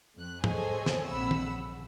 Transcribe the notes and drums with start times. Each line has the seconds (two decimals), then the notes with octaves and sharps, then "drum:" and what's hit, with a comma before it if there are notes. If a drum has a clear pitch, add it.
0.15 F2 F#6
0.44 G#4 A4 C5 C#5 D#5 G#5, drum: tom
0.86 drum: snare
1.09 A#1 C4 F#5 B5 E6
1.31 drum: tom
1.47 C#3